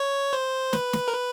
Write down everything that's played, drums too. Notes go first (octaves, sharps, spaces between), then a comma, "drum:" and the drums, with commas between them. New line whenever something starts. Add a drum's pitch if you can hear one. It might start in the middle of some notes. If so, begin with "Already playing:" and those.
Already playing: C#5
C5
B4, drum: snare
drum: snare
A#4
B4